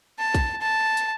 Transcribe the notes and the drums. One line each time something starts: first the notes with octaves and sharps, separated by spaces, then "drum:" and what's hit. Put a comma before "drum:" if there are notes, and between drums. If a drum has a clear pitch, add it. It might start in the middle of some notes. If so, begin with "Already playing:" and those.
A5
drum: kick A#1, hi-hat
A5
drum: hi-hat